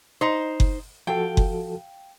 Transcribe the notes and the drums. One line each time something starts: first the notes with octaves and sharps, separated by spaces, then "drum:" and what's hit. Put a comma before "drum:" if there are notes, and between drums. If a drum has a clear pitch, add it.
D#4 C5
drum: kick F#1
F3 F#4 A4 F5 G5
drum: kick F#1